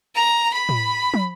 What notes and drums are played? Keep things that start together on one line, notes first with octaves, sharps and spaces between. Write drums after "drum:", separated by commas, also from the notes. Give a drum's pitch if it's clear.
A#5
B5
drum: tom A2
drum: tom